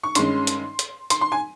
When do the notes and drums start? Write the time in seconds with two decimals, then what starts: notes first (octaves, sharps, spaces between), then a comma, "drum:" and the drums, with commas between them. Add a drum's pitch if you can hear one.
0.03 C#6
0.15 G2 D#3 G#3 C#4 C6, drum: hi-hat
0.47 drum: hi-hat
0.79 drum: hi-hat
1.10 C6, drum: hi-hat
1.21 C6
1.32 G#5